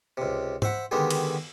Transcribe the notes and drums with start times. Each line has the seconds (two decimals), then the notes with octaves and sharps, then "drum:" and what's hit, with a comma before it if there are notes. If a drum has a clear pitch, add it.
0.17 C#2 C3
0.62 C5 E5 F#5 B5, drum: tom G#2
0.91 D3 D#3 G#3 B3 G4 G#4
1.11 drum: cymbal